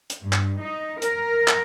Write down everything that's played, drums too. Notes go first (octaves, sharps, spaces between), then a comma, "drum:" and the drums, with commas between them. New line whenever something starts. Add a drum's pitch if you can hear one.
drum: hi-hat
G2
drum: clap
D#4
A#4, drum: hi-hat
drum: clap